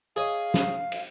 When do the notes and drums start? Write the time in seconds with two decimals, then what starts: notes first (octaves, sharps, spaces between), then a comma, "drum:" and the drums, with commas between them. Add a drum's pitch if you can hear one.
0.16 G#4 C#5 D#5 F5
0.54 drum: snare
0.92 drum: cymbal